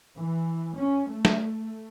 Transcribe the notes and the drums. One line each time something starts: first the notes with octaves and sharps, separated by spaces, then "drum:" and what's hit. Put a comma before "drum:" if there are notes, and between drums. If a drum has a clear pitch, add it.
E3
C#4
A3
drum: snare